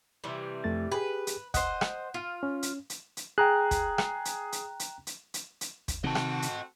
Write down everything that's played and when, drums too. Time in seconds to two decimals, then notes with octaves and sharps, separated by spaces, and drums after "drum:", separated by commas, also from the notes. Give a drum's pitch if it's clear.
0.24 C3 E3 G3
0.64 F2 A3 A6
0.92 G4 G#4 B4
1.27 drum: hi-hat
1.54 C5 D#5 F#5 F#6, drum: kick, hi-hat
1.81 drum: rim click
2.14 F4
2.43 C#4
2.63 drum: hi-hat
2.90 drum: hi-hat
3.17 drum: hi-hat
3.38 G#4 G5 A#5 F#6
3.71 drum: kick, hi-hat
3.98 drum: rim click
4.25 drum: hi-hat
4.52 drum: hi-hat
4.80 drum: hi-hat
5.07 drum: hi-hat
5.34 drum: hi-hat
5.61 drum: hi-hat
5.88 drum: kick, hi-hat
6.04 C3 D#3 A3 C4 F#4 D#5 A5
6.15 drum: rim click
6.42 drum: hi-hat